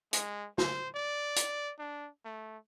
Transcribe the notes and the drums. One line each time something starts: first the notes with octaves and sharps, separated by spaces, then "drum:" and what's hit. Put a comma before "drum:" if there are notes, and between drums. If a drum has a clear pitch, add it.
G#3, drum: hi-hat
C5, drum: snare
D5
drum: hi-hat
D4
A3